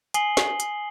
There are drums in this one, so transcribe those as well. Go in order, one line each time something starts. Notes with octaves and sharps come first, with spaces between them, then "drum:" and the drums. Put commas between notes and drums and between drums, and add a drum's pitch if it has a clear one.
G#5 D#6 C7 F#7 G7, drum: hi-hat
drum: snare
drum: hi-hat